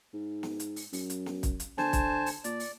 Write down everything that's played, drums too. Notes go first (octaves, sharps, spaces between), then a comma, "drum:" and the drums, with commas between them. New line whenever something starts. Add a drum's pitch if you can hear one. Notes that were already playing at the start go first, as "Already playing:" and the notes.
G#2
drum: snare
drum: hi-hat
drum: open hi-hat
F#2, drum: open hi-hat
drum: hi-hat
drum: snare
drum: kick, hi-hat
drum: hi-hat
D3 C5 G#5 A5, drum: snare
drum: kick, hi-hat
drum: open hi-hat
A#2 D5, drum: hi-hat
drum: open hi-hat